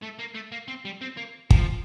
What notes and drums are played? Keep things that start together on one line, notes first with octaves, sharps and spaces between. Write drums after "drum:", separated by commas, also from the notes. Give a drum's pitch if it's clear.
A3
A#3
A3
A#3
C4
G3
C4
A#3
F3, drum: kick